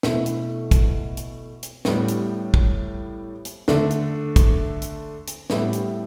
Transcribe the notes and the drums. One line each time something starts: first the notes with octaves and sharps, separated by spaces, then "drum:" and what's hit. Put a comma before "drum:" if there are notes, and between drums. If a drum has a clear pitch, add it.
B2 A3 E4, drum: snare
drum: hi-hat
drum: kick, hi-hat
drum: hi-hat
drum: hi-hat
A2 G3 B3, drum: snare
drum: hi-hat
drum: kick
drum: hi-hat
D3 A3 D4, drum: snare
drum: hi-hat
drum: kick, hi-hat
drum: hi-hat
drum: hi-hat
A2 G3 B3 E4 G4, drum: snare
drum: hi-hat